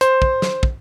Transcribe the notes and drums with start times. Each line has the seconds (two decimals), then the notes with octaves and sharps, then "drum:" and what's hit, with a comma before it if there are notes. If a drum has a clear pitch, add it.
0.01 C5, drum: hi-hat
0.22 drum: kick
0.42 drum: snare
0.63 drum: kick